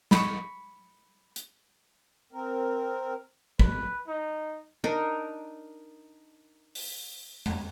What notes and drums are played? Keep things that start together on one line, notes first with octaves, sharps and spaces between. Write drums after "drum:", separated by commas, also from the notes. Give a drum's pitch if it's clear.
B5 C#6, drum: snare
drum: hi-hat
C4 A#4
B4, drum: kick
D#4
D4 D#4 A#4
drum: open hi-hat
drum: tom F2